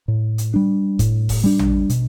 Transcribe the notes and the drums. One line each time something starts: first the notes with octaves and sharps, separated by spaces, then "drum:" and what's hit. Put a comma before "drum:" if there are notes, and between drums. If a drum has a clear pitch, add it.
A2
drum: hi-hat
G3 D4
A2, drum: kick F1, hi-hat
drum: kick F1, open hi-hat
G3 D4
drum: tom
B2, drum: hi-hat